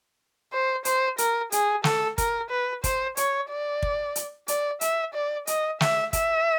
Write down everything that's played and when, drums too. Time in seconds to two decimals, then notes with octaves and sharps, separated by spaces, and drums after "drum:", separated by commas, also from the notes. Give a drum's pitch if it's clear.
0.52 C5
0.85 C5, drum: hi-hat
1.18 A#4, drum: hi-hat
1.52 G#4, drum: hi-hat
1.84 A4, drum: snare
2.18 A#4, drum: kick, hi-hat
2.50 B4
2.84 C5, drum: kick, hi-hat
3.17 C#5, drum: hi-hat
3.50 D5
3.83 drum: kick
4.16 drum: hi-hat
4.48 D5, drum: hi-hat
4.81 E5, drum: hi-hat
5.14 D5
5.47 D#5, drum: hi-hat
5.81 E5, drum: snare
6.13 E5, drum: kick, hi-hat